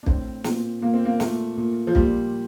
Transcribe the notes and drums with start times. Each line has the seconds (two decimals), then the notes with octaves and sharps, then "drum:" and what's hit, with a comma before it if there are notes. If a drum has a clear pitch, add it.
0.03 D4
0.06 A2 C4, drum: kick
0.44 A#2, drum: snare
0.82 A#2 A#3
0.94 C4
1.05 A#3
1.20 A#2 A3, drum: snare
1.57 A#2
1.87 F3
1.95 A#2 G3, drum: kick